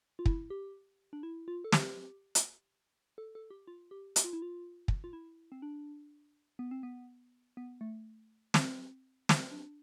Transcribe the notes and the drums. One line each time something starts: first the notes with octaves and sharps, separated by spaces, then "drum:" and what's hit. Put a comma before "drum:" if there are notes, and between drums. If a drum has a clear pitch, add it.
F4
E4, drum: kick
G4
D4
E4
F4
A4
G4, drum: snare
drum: hi-hat
A4
A4
G4
F4
G4
G4, drum: hi-hat
F4
E4
F4
drum: kick
F4
E4
C4
D4
B3
C4
B3
B3
A3
C4, drum: snare
B3, drum: snare
C4
D4